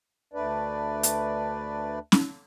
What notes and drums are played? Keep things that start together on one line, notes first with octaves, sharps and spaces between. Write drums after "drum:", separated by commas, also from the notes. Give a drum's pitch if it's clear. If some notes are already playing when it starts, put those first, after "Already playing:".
D2 A3 D4 B4 D5
drum: hi-hat
drum: snare